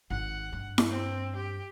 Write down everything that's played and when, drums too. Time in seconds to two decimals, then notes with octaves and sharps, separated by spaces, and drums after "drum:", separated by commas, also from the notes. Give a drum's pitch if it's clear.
0.10 G#1 F#5
0.52 G2
0.78 drum: snare E4
0.89 C4
1.36 G4